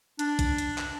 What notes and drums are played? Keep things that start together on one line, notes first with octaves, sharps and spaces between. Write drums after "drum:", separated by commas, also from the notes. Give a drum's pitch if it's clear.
D4, drum: hi-hat
drum: kick, hi-hat
drum: hi-hat
drum: clap